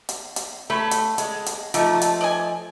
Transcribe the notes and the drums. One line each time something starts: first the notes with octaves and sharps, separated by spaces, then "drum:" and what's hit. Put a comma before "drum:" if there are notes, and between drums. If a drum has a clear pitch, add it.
drum: hi-hat
drum: hi-hat
A3 C#4 B5
drum: hi-hat
G#3, drum: hi-hat
drum: hi-hat
F3 A3 D#4 D5 E5, drum: hi-hat
drum: hi-hat
D5 D#5 G#5